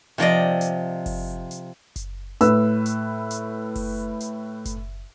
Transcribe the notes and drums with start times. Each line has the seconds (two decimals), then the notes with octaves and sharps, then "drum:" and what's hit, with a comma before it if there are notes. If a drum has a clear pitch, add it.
0.18 C3 F3 D5 D#5
0.61 drum: hi-hat
1.06 drum: kick F#1, open hi-hat
1.51 drum: hi-hat
1.96 drum: kick F#1, hi-hat
2.41 A2 B4 E6, drum: hi-hat
2.86 drum: hi-hat
3.31 drum: hi-hat
3.76 drum: kick F#1, open hi-hat
4.20 drum: hi-hat
4.65 drum: kick F#1, hi-hat